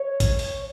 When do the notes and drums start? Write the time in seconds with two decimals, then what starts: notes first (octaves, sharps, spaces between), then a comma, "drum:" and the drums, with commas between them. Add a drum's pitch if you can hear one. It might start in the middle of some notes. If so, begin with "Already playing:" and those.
Already playing: C#5
0.20 drum: kick A1, hi-hat
0.39 drum: open hi-hat